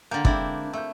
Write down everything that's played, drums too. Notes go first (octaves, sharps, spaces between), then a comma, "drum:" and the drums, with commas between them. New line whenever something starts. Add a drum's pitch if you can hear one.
D3 A#3 G5 A#5 G6
D3 G#3 C4 D4 E4 G5, drum: kick
A3 E6 G6